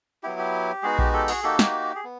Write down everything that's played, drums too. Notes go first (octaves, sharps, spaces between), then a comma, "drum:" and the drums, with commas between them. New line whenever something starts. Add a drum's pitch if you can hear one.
F#3 B3 E4 G4
G4
G#3 B3 D#4 F#4 G#4
G4, drum: kick A#1
G4 A4
F#4 G#4, drum: open hi-hat
A#3 D#4 F#4 G4 A4
G4, drum: snare
G#4
B3